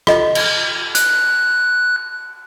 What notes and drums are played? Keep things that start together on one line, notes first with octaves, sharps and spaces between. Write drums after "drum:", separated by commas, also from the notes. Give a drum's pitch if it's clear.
F4 A4 D#5, drum: rim click
drum: cymbal
F#6, drum: hi-hat